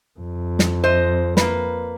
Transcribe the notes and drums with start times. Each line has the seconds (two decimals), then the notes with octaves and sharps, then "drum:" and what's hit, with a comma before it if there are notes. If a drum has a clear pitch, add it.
0.20 F2
0.59 drum: snare
0.84 C5 D#5
1.37 A#3 B4, drum: snare